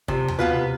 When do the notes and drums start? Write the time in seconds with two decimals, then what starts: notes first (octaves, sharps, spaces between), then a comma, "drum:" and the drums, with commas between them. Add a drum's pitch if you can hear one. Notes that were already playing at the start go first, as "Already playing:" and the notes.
0.08 C3 F3, drum: kick
0.28 drum: tom D#2
0.38 B2 B3 F4 B4
0.54 C3